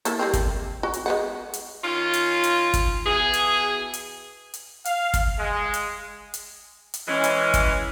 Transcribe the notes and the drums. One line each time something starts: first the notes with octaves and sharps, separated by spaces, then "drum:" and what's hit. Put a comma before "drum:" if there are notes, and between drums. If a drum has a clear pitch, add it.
A#3 E4 A4, drum: hi-hat
G3 A#3 C4
drum: kick, hi-hat
F#4
drum: hi-hat
G#3 B3 F#5
drum: hi-hat
D#3 C#4 F4
drum: hi-hat
drum: hi-hat
drum: kick, hi-hat
B2 E3 G#4
drum: hi-hat
drum: hi-hat
drum: hi-hat
F5, drum: hi-hat
drum: kick, hi-hat
G#3
drum: hi-hat
drum: hi-hat
drum: hi-hat
E3 G#3 C#4
drum: hi-hat
drum: kick, hi-hat